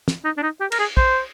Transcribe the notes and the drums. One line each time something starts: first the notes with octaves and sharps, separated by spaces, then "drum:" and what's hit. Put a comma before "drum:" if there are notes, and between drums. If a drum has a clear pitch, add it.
drum: snare
D#4
D4
D#4
G4
A#4, drum: cymbal
G#4
C5, drum: kick